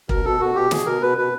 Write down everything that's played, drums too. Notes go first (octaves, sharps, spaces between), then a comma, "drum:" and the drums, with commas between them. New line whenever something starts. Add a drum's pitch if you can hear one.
B2 A#4, drum: kick
B2 A4
B2 F#4
B2 G4
B2 G#4, drum: snare
B2 A#4
B2 B4
B2 B4